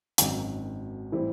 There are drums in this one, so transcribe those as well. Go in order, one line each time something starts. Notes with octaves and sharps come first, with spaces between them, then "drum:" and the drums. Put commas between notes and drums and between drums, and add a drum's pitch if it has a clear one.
G#1 F#2 D#3 F#3, drum: hi-hat
A2 E3 G3 C4 E4